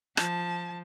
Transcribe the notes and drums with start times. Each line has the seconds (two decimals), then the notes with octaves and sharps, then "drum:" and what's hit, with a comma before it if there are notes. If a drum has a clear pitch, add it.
0.17 F3 A5, drum: rim click